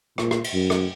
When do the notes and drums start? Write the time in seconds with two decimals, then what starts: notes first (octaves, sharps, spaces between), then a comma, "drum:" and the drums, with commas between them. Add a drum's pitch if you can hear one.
0.18 A#2, drum: rim click
0.31 drum: rim click
0.44 drum: cymbal
0.54 F#2
0.70 drum: rim click